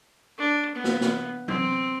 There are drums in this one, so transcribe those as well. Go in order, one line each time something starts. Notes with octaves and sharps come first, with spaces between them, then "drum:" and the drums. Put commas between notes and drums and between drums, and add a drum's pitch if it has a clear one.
D4
B3
drum: snare
drum: snare
C4, drum: tom F#3